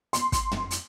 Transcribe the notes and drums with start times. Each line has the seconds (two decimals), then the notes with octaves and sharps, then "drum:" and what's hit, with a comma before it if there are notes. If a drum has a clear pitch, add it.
0.13 C6, drum: hi-hat
0.32 drum: kick, hi-hat
0.51 drum: tom
0.71 drum: hi-hat